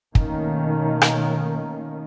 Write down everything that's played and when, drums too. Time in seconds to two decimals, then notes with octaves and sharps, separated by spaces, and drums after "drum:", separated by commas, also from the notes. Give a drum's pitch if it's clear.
0.15 B2 D#3 A3 A#3 C#4, drum: kick
1.02 drum: rim click